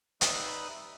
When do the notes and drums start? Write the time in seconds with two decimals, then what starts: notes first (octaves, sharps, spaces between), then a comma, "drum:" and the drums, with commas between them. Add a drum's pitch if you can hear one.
0.21 G3 D#4 B4 E5 B5 D#6, drum: hi-hat